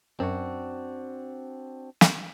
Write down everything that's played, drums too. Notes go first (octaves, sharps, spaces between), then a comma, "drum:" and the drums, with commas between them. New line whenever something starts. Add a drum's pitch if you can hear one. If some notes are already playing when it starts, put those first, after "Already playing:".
F#2 C4 D4 F#4
drum: snare